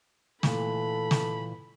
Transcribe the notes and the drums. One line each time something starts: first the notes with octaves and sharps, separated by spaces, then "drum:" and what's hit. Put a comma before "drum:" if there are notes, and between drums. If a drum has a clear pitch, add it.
A#2 E3 A3 A4 B5, drum: snare
drum: snare